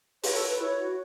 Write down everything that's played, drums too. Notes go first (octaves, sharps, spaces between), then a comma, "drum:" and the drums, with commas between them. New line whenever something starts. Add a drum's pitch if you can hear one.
B4 C#5, drum: open hi-hat
A4
B4
E4 C#5
F#4